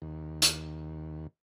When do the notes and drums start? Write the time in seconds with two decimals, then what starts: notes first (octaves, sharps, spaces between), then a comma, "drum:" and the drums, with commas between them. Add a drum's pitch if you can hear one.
0.02 D#2
0.42 drum: hi-hat